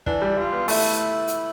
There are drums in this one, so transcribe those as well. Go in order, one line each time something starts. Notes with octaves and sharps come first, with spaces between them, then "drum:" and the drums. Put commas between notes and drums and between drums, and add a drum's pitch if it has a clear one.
E3 D4, drum: kick
G3
F4
B3
A3 E4, drum: open hi-hat
drum: hi-hat